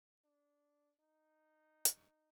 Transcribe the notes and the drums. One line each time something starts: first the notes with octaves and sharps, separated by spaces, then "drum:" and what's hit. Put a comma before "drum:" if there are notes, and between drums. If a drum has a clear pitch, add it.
D4
D#4
drum: hi-hat